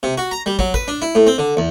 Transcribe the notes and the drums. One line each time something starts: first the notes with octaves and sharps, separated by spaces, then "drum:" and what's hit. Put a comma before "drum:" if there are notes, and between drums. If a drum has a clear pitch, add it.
C3
F#4
A#5
G3
F#3, drum: kick
B4, drum: kick
D4
E4
A2
C4
D3
E2